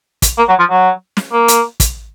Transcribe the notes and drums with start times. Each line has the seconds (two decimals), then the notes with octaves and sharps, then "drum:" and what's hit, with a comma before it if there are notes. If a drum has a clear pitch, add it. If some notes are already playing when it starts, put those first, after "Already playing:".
0.22 drum: kick, hi-hat
0.38 A#3
0.49 F#3
0.59 F3
0.70 F#3
1.17 drum: snare
1.33 A#3
1.48 drum: hi-hat
1.80 drum: kick, hi-hat